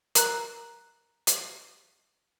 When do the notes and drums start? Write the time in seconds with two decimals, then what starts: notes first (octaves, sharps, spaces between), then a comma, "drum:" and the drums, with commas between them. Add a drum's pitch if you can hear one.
0.15 A#4 A#5 F#6, drum: hi-hat
1.27 drum: hi-hat